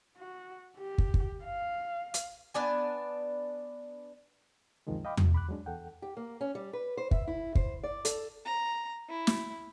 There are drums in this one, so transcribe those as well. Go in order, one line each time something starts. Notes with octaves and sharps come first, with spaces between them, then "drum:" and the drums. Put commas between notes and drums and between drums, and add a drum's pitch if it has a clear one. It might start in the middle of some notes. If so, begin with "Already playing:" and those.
F#4
G4
drum: kick
drum: kick
F5
drum: hi-hat
B3 D4 D5 G#5
C#2 F#2 C3 D#3 F3 G#3
D#5 F5 G5 B5 D6
F#4, drum: tom E2
B5 D6 F#6
F#3 G#3 D4
E2 A4 F#5 G5
G4
A#3
C#4
G3
B4
C5
E5, drum: kick
E4
C5, drum: kick
D5
A4, drum: hi-hat
A#5
E4
drum: snare